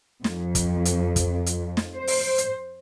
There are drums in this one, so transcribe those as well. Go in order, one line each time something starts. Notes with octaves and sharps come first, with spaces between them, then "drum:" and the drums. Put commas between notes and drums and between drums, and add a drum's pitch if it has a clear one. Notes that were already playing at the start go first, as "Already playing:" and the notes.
F2, drum: snare
drum: kick, hi-hat
drum: hi-hat
drum: kick, hi-hat
drum: hi-hat
drum: snare
C5
drum: open hi-hat
drum: hi-hat